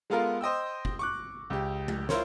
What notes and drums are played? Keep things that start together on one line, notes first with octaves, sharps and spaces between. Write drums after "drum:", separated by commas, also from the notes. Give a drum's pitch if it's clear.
G#3 B3 F4 A4 A#4 F5
C5 D#5 G5 E6
drum: kick
C#6 D6 F#6
C#2 G4
drum: tom G#3
E4 F4 A#4 C5 C#5, drum: snare